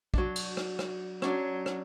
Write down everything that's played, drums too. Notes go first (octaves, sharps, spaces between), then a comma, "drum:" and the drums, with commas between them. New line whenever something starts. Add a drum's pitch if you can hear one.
F#3 D4, drum: kick
drum: cymbal
drum: rim click
drum: rim click
F#3 C#4 D4, drum: rim click
drum: rim click